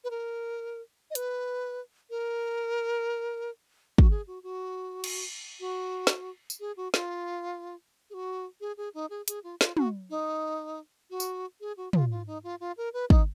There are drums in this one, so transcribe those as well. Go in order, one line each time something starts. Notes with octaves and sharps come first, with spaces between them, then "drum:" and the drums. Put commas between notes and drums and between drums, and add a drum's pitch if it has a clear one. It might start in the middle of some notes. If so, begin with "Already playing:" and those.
B4
A#4
D#5
B4, drum: hi-hat
A#4
F#4, drum: kick
G#4
F#4
F#4
drum: cymbal
F#4
drum: snare
drum: tambourine
G#4
F#4
F4, drum: snare
G#4
F#4
G#4
G#4
D#4
G#4
G#4, drum: hi-hat
F4
F4, drum: snare
F#4, drum: tom
D#4
F#4
drum: tambourine
G#4
F#4
F4, drum: tom
F4
D#4
F4
F4
A#4
B4
D#4, drum: kick